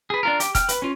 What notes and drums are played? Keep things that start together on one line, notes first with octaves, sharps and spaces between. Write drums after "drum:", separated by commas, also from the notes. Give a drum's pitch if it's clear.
G#4 B4
D4 F4 A#4
G4, drum: hi-hat
G5 F6, drum: kick E1, hi-hat
B4, drum: hi-hat
C#4 F4